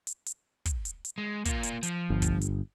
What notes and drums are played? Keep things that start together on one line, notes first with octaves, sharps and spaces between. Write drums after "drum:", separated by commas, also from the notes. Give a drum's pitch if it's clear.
drum: hi-hat
drum: hi-hat
drum: kick, hi-hat
drum: hi-hat
drum: hi-hat
G#3
A#3 F4, drum: kick, hi-hat
drum: hi-hat
F3, drum: hi-hat
G1
drum: kick, hi-hat
drum: hi-hat